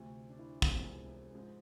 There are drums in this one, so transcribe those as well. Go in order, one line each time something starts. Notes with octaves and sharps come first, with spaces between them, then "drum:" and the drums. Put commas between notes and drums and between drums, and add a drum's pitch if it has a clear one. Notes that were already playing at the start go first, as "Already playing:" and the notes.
Already playing: D2 C3 F3
D4
E4
E1 E2 C3 F3, drum: kick
G#2 F3